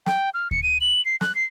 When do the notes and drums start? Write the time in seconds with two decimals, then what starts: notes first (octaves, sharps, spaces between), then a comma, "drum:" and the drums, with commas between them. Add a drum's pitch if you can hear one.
0.06 G5, drum: snare
0.34 F6
0.51 C#7, drum: kick D2
0.63 D#7
0.81 F#7
1.05 C7
1.21 F#6, drum: snare
1.35 C7